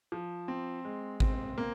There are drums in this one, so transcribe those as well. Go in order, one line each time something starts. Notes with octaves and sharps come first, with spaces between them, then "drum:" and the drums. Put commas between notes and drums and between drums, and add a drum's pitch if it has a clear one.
F3
C4
G#3
C4, drum: kick G#1
A#3